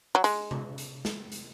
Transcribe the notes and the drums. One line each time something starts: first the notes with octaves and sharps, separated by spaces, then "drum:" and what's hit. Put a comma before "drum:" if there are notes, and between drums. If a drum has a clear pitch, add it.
F#3
G#3, drum: hi-hat
drum: tom C3
drum: hi-hat
drum: snare
drum: hi-hat